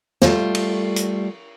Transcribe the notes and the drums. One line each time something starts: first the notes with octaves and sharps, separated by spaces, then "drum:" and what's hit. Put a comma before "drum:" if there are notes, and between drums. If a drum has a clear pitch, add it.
G3 A3 F4, drum: snare
drum: cymbal
drum: hi-hat